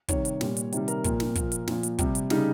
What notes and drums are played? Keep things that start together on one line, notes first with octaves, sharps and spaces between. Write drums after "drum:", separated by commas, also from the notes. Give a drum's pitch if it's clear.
C3 D#3 G3 C#5, drum: kick, hi-hat
drum: hi-hat
A#2 G3, drum: snare
drum: hi-hat
C3 D#3 G3, drum: hi-hat
A#4, drum: hi-hat
A#2 F3, drum: kick, hi-hat
drum: snare
A#2 F3, drum: kick, hi-hat
drum: hi-hat
A#2 F3, drum: snare
drum: hi-hat
C3 G3, drum: kick, hi-hat
drum: hi-hat
C#3 G3 D#4, drum: snare